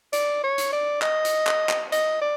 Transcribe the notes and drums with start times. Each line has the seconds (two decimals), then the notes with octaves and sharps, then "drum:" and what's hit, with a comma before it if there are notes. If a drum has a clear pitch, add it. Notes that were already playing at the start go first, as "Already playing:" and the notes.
0.13 D5, drum: hi-hat
0.44 C#5
0.58 drum: hi-hat
0.73 D5
1.02 D#5, drum: clap
1.25 drum: hi-hat
1.47 drum: clap
1.69 drum: clap
1.92 D#5, drum: hi-hat
2.22 D5